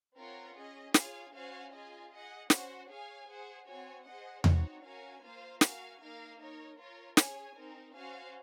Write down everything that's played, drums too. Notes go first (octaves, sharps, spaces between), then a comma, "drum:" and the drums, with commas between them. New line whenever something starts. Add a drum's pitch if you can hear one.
C4 F4 A#4 C#5 F#5
C#4 G#4 D#5
F4 G#4 C#5 F5 G#5, drum: snare
C#4 F#4 C5 F5 G#5
F4 G#4 D#5 G#5
G#4 D#5 F#5
C#4 F#4 C5 F#5, drum: snare
G#4 C#5 F5 G#5
G#4 C5 F#5
C4 F#4 C#5 G#5
G#4 C5 D#5 F#5
C4 D#4 F#4 C#5 F#5, drum: tom E2
C#4 F#4 A#4 F5 G#5
A#3 F4 C5 F5
F#4 A#4 F5 G#5, drum: snare
A#3 D#4 A#4 F5
D#4 A#4 C#5
F4 A#4 C#5
C#4 G#4 C#5 G#5, drum: snare
C4 D#4 A#4
C#4 F#4 C5 F5 G#5